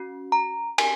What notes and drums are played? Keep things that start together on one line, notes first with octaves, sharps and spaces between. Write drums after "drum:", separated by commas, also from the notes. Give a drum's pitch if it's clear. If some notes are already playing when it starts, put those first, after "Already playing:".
Already playing: C#4 F#4
A#5
G#5, drum: cymbal